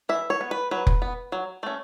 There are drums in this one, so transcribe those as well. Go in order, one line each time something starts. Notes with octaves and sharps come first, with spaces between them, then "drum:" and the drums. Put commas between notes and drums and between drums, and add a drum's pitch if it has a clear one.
E3 E5
C#5
B3
B4
F#3 B4
drum: kick F1
B3
F#3
A3 C#4